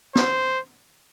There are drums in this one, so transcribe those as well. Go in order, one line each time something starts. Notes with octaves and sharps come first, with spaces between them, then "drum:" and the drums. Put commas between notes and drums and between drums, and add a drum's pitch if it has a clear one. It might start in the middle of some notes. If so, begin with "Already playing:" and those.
C5, drum: snare